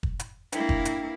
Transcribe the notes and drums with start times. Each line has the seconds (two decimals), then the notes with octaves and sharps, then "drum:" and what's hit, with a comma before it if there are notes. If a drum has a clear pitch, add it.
0.03 drum: kick
0.20 drum: hi-hat
0.52 A#3 D4 E4 B4 G5, drum: hi-hat
0.69 drum: kick
0.85 drum: hi-hat